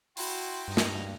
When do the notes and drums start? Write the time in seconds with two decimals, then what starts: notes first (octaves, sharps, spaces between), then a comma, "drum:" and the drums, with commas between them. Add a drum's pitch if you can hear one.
0.17 E4 F#4 G5 C6, drum: open hi-hat
0.68 G2 D#4
0.77 drum: snare